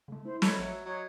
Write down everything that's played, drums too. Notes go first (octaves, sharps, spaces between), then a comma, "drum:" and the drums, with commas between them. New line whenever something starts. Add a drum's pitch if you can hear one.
C#3 G#3 A3
E4 C5
A3 F#4 C#5 D#5 B5 B6, drum: snare
A1 F#3 E5 C#7
F#3 C#5 D#5